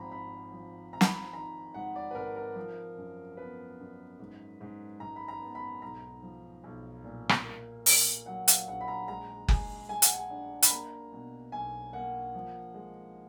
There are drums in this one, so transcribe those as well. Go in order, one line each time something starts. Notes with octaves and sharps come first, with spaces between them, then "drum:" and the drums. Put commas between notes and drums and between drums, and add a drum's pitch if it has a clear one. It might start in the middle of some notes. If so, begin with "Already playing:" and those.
Already playing: G#1 F3 A#5 B5
G#1 B5
F3
G#1 A#5
B5, drum: snare
A#5
D#3 A#5
G#2 F#5
D5
B4
G#1 A#4
A#4
F3
F#2
B3 B4
F#2
G#2
G#2
G#2 A#5
B5
A#5
B3
B5
B1 A#5
F3
B1
A#2
drum: rim click
A#3
A#3, drum: open hi-hat
F#3 F#5
F5, drum: hi-hat
A#1 F#5
B5
A#5
G#3 A#5
G#3 G#5, drum: kick F#1
G#3 G#5
F#5, drum: hi-hat
G#5
D4
B5, drum: hi-hat
A#3 A#5
B2
B1 G#5
A#3 F#5
F3
G#3